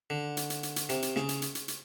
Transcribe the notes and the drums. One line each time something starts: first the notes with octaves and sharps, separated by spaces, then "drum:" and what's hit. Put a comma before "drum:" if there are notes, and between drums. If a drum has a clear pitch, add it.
D3
drum: hi-hat
drum: hi-hat
drum: hi-hat
drum: hi-hat
C3, drum: hi-hat
drum: hi-hat
C#3, drum: snare
drum: hi-hat
drum: hi-hat
drum: hi-hat
drum: hi-hat